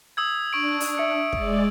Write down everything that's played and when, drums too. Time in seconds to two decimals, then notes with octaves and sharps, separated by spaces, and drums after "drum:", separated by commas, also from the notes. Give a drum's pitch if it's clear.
0.17 D#6 E6 G#6
0.53 D4 C#6 D7
0.80 drum: open hi-hat
0.98 E5 C#7
1.33 G#3 D5, drum: kick